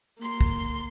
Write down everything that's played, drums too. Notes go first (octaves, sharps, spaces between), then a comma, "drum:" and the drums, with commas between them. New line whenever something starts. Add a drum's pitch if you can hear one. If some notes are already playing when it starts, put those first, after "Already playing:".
A#3 C6
drum: kick